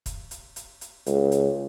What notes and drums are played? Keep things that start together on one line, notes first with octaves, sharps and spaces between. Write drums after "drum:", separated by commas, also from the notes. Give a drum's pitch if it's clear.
drum: kick, hi-hat
drum: hi-hat
drum: hi-hat
drum: hi-hat
C#2, drum: hi-hat
drum: hi-hat